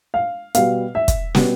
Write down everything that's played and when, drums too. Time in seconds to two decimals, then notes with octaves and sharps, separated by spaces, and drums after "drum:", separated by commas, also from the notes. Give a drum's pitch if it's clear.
0.14 F5
0.55 B2 G3 B3 F5, drum: hi-hat
0.95 E5
1.08 drum: kick, hi-hat
1.35 B2 G3 B3, drum: snare